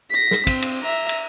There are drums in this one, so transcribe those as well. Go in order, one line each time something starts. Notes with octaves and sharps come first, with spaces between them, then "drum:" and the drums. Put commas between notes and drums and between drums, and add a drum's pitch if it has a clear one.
A#6 B6
drum: snare
C4, drum: kick, cymbal
drum: cymbal
E5 A#5
drum: cymbal